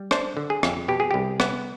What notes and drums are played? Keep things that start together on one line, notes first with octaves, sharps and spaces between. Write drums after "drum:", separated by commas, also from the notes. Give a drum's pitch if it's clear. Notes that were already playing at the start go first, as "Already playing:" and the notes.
Already playing: G3
D4 C5, drum: rim click
D3
G#4
F2, drum: rim click
B2 G4
G#4
C2 G4
B3, drum: rim click